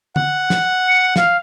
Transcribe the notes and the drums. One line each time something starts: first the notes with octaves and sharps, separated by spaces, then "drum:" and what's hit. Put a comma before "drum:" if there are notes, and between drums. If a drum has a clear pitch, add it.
F#5, drum: tom D3
drum: snare
C#7
F5, drum: snare